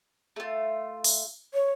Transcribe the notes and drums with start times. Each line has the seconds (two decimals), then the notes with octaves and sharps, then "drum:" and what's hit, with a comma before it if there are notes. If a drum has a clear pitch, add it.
0.36 A3 F4
1.04 drum: open hi-hat
1.54 C#5